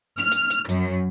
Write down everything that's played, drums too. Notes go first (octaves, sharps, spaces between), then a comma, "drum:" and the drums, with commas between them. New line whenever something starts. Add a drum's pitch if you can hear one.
F6
drum: hi-hat
drum: hi-hat
F#2, drum: hi-hat